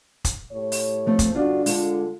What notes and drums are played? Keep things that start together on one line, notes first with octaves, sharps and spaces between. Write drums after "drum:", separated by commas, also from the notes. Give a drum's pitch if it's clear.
drum: kick F1, hi-hat
A2 G4 C#5
drum: open hi-hat
F3 A3 C4
drum: kick F1, hi-hat
G2 D3 D4 F4 F#4
D3 G#3 F4 F#5, drum: open hi-hat